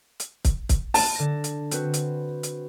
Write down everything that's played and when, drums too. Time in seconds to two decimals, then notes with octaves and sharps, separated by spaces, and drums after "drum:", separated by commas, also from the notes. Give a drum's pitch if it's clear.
0.20 drum: hi-hat
0.45 drum: kick, hi-hat
0.69 drum: kick, hi-hat
0.94 A5, drum: open hi-hat
1.15 D3 A#6
1.44 drum: hi-hat
1.71 C4 F#4 B4, drum: hi-hat
1.94 drum: hi-hat
2.43 drum: hi-hat